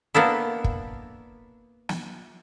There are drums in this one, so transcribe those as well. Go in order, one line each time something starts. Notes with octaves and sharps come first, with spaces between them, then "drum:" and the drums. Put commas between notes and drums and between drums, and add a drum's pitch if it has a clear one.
A#3 B3 D4 E4
drum: kick
drum: snare